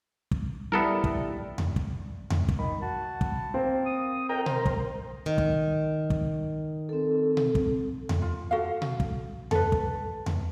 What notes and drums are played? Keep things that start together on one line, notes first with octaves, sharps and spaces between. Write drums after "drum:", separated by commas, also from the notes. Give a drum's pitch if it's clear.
drum: kick
G3 B3 E4 A4 A#4
drum: kick
drum: tom E2
drum: kick
drum: tom E2
drum: kick
D#3 B5
F#4 A5
drum: kick
A#3 C4
D#6
F2 A#4 G5 A#5
A#4 C5, drum: tom B2
drum: kick
D#3
drum: kick
drum: kick
C4 A4
drum: tom B2
drum: kick
drum: tom E2
F4
F#4 A4 F5
drum: tom B2
drum: kick
A4 B4, drum: tom E2
drum: kick
drum: tom E2